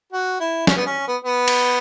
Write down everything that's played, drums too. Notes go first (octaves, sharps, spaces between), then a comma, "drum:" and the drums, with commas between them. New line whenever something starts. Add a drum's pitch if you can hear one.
F#4
E4
C#4, drum: snare
B3
C#4
B3
B3
drum: cymbal